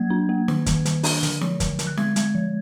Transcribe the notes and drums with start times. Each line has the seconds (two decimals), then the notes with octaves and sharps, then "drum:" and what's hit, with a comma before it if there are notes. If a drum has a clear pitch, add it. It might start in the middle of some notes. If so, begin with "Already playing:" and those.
Already playing: F#3 A#3 G#6
0.10 D4
0.29 A#3
0.48 D#3, drum: snare
0.66 D#3, drum: kick, hi-hat
0.85 D#3, drum: hi-hat
1.04 D4, drum: open hi-hat
1.23 D3, drum: hi-hat
1.41 F3, drum: snare
1.60 D3, drum: kick, hi-hat
1.79 D3, drum: hi-hat
1.87 F#6
1.97 G#3 G#6, drum: snare
2.16 G#3, drum: hi-hat
2.35 F3